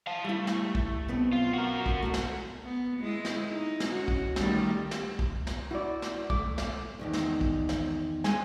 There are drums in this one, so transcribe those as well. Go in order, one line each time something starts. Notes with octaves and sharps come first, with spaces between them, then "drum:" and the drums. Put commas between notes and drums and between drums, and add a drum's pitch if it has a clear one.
F5 A5
G3 A3 E4
drum: snare
drum: kick B1
B1 B3 C4
F4
F#4 A#4
drum: kick B1
A3 F#4 F#5
drum: snare
B3
G#3 E4
drum: snare
D#4
drum: snare
C#4 F#4
drum: kick B1
D#3 G3 A3, drum: snare
drum: snare
drum: kick B1
drum: snare
E4 F#4 D5
drum: snare
A3 D6, drum: kick B1
drum: snare
E2 D#3 D5
drum: snare
drum: kick B1
drum: snare
G#3 D4 G#5, drum: snare